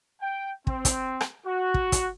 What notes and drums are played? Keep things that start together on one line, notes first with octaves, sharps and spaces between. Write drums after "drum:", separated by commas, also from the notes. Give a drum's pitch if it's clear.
G5
C4, drum: kick
drum: kick, hi-hat
drum: rim click
F#4
drum: kick
drum: kick, hi-hat